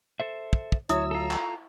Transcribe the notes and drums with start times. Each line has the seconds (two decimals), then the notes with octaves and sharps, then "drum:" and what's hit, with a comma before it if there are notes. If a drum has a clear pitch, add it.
0.20 A4 C5 E5
0.53 drum: kick
0.72 drum: kick
0.89 D2 F#3 E4 C#5 E5 D#6 E6, drum: hi-hat
1.11 F4 A4 A#5
1.31 drum: clap